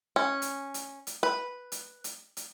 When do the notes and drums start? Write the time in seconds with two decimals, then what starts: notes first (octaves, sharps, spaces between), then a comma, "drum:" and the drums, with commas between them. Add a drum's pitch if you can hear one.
0.16 C#4
0.42 drum: hi-hat
0.74 drum: hi-hat
1.07 drum: hi-hat
1.23 B4
1.72 drum: hi-hat
2.04 drum: hi-hat
2.37 drum: hi-hat